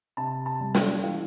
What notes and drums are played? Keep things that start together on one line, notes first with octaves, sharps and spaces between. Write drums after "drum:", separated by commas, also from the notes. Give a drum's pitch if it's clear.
C3 A5
A5
G3
G5, drum: snare
E3 F5